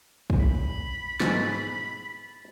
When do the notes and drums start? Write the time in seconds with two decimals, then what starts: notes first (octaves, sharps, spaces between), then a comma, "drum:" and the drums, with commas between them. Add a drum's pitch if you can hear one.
0.30 drum: kick
0.40 B5
1.20 G#2 B2 E3 A6, drum: snare